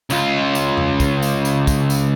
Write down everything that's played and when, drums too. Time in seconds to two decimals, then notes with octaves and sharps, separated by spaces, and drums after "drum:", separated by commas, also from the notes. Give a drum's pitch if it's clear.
0.10 C#2 F4, drum: tambourine
0.55 drum: tambourine
0.77 drum: tom E2
1.00 drum: kick, tambourine
1.22 drum: tambourine
1.45 drum: tambourine
1.67 drum: kick, tambourine
1.90 drum: tambourine